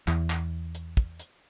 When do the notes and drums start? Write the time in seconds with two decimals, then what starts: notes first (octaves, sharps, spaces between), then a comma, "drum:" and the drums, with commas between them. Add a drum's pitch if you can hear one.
0.07 E2, drum: clap
0.30 drum: clap
0.75 drum: hi-hat
0.97 drum: kick
1.20 drum: hi-hat